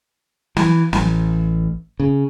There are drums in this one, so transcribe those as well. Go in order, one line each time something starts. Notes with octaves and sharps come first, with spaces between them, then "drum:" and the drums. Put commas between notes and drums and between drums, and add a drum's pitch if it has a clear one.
E3, drum: snare
A1, drum: snare
C#3